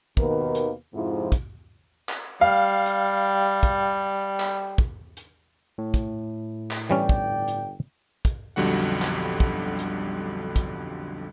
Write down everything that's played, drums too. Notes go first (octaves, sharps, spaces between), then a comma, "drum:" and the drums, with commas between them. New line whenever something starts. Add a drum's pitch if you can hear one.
D#2 B2 D#3 A#3 A#4 B4, drum: kick
drum: hi-hat
F2 G#2 C3 F3 E4
drum: kick, hi-hat
drum: clap
G3 F5
drum: hi-hat
drum: kick, hi-hat
drum: clap
drum: kick
drum: hi-hat
A2
drum: kick, hi-hat
drum: clap
G1 E3 G3 C#4 D5 G5
drum: kick
drum: hi-hat
drum: kick, hi-hat
B1 F2 D3 G3 F#4 F#5
drum: clap
drum: kick
drum: hi-hat
drum: kick, hi-hat